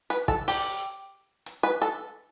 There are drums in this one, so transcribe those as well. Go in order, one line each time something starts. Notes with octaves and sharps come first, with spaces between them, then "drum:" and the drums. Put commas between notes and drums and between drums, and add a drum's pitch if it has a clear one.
B4, drum: hi-hat
A4, drum: kick
G4, drum: open hi-hat
drum: hi-hat
B4
A4